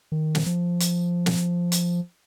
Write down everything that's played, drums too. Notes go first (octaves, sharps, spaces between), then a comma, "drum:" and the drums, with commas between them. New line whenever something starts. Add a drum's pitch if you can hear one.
D#3
drum: snare
F3
drum: hi-hat
drum: snare
drum: hi-hat